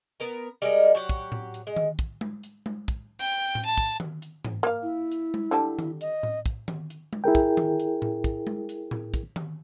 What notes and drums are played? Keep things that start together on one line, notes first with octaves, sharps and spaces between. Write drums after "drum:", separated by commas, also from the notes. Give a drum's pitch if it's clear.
B3 A#4 A#5
G3 G#3 A#4 D#5
F#3 G4 F#5
drum: kick, hi-hat
drum: tom A2
drum: hi-hat
G#3
drum: tom D#3
drum: kick, hi-hat
drum: tom G#3
drum: hi-hat
drum: tom G#3
drum: kick, hi-hat
G5
drum: hi-hat
drum: tom A2
A5
drum: kick, hi-hat
drum: tom D#3
drum: hi-hat
drum: tom G#2
A#3 F5
E4
drum: hi-hat
drum: tom G#3
D3 G3 A5
drum: tom D#3
D#5, drum: hi-hat
drum: tom A2
drum: kick, hi-hat
drum: tom D#3
drum: hi-hat
drum: tom G#3
E4 G#4 A#4 G5
drum: kick, hi-hat
drum: tom D#3
drum: hi-hat
drum: tom A2
drum: kick, hi-hat
drum: tom G#3
drum: hi-hat
drum: tom A2
drum: kick, hi-hat
drum: tom D#3